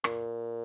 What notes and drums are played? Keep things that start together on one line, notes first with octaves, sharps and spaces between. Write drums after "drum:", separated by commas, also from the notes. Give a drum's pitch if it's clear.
A#2, drum: rim click